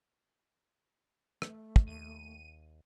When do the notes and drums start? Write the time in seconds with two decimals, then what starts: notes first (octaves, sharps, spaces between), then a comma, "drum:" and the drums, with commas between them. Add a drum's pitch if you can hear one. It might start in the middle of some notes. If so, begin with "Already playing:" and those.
1.42 A3, drum: rim click
1.76 drum: kick
1.87 D#2 D#7